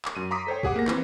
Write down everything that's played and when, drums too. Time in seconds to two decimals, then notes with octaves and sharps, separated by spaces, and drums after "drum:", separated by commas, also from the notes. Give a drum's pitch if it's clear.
0.05 drum: clap
0.15 F#2 D#7
0.31 A#5 C6 D6 D#6 B6
0.47 A4 C5 C#5 G5
0.63 G4 G#4 F#5 D6, drum: kick
0.76 A#3 A#6
0.88 E3 C4, drum: clap